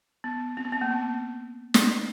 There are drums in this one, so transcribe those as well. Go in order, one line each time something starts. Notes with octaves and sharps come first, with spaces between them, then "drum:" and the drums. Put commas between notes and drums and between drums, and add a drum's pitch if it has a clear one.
B3
C4
B3
C4
A#3
B3
drum: snare